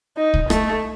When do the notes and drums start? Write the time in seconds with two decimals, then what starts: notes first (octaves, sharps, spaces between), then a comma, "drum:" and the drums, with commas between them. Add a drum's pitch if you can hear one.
0.17 D#4
0.34 drum: kick C2
0.50 A3, drum: rim click